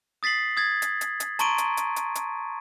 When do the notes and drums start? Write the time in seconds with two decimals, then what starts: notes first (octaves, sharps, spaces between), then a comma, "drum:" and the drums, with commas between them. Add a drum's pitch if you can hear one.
0.23 D#6 A6 B6 C7 F#7
0.57 D#6 G#6 A6
0.82 drum: hi-hat
1.01 drum: hi-hat
1.20 drum: hi-hat
1.39 A5 A#5 C6 C#6 D7 D#7, drum: hi-hat
1.58 drum: hi-hat
1.77 drum: hi-hat
1.96 drum: hi-hat
2.15 drum: hi-hat